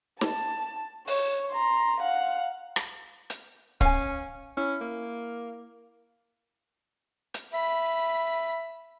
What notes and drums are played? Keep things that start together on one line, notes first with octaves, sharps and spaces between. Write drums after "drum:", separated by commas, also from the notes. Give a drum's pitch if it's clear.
A5, drum: snare
C#5, drum: open hi-hat
A#5 C6
F5 F#5
drum: rim click
drum: hi-hat
C#4 F5 G#5, drum: kick
C#4 E4
A#3
drum: hi-hat
E5 B5